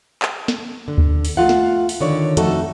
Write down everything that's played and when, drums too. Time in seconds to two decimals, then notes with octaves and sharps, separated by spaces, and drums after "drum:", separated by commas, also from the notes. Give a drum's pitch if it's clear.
0.22 drum: clap
0.48 drum: snare
0.88 D3
0.98 drum: kick D2
1.25 drum: open hi-hat
1.37 A3 F4 F5 F#5
1.49 drum: snare
1.89 drum: open hi-hat
2.01 D3 D#3 C#5 D5
2.37 F2 A3 D#4 F#4 A4, drum: hi-hat